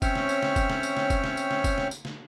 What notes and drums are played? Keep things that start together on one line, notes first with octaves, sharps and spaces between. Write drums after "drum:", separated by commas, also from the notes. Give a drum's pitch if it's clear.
C4 C#4 C#5 E5 G5 F6, drum: kick, tambourine
drum: snare
drum: tambourine
drum: snare
drum: kick, tambourine
drum: snare
drum: tambourine
drum: snare
drum: kick, tambourine
drum: snare
drum: tambourine
drum: snare
drum: kick, tambourine
drum: snare
drum: tambourine
drum: snare